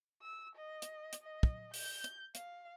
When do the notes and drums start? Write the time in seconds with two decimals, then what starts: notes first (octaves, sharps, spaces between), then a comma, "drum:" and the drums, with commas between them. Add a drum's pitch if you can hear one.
0.22 E6
0.55 D#5
0.82 drum: hi-hat
1.13 drum: hi-hat
1.22 D#5
1.43 drum: kick
1.74 G6, drum: open hi-hat
2.04 drum: hi-hat
2.35 F5, drum: hi-hat